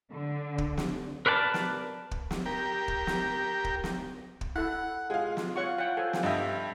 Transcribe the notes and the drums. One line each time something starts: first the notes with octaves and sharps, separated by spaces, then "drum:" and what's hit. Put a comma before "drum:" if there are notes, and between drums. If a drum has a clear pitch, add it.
D3
drum: kick
drum: snare
A#4 B4 D5 F#5 A5
drum: snare
drum: kick
drum: snare
G4 A#4
drum: kick
drum: snare
drum: kick
drum: snare
drum: kick
E4 A4 F#5
G#3 F4 G#4 F5
drum: snare
F#4 C#5 F#5 C#6
E4 F#5 G5
A4 C5 G#5
drum: snare
G2 F3 D#5 E5 G5